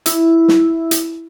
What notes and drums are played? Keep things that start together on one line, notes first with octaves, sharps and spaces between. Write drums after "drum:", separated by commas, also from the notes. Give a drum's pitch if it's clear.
E4, drum: hi-hat
drum: snare
drum: hi-hat